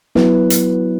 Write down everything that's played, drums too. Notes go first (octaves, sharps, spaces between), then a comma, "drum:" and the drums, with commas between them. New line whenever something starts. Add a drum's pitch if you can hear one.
F#3 B3 E4 B4, drum: snare
drum: hi-hat